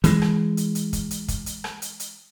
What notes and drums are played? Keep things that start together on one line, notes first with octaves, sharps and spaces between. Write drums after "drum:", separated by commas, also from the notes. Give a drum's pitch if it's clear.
E3 G#3, drum: hi-hat
drum: rim click
drum: hi-hat
drum: hi-hat
drum: kick, hi-hat
drum: hi-hat
drum: kick, hi-hat
drum: hi-hat
drum: rim click
drum: hi-hat
drum: hi-hat